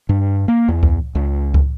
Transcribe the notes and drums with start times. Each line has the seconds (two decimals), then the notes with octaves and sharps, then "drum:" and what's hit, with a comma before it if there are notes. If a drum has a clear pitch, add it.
0.09 G2
0.48 A#3
0.68 E2
0.83 drum: kick C#2
1.15 C#2
1.54 drum: kick C#2